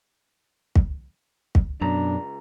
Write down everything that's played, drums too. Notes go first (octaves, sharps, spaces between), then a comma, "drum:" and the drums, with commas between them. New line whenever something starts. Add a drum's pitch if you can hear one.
drum: kick
drum: kick
C#2 F#2 B2 D4 A#5